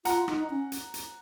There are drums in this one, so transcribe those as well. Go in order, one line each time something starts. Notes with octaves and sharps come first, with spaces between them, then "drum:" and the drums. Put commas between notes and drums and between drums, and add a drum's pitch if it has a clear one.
F4 F#5 A#5, drum: hi-hat
D#4, drum: rim click
C#4
drum: hi-hat
drum: hi-hat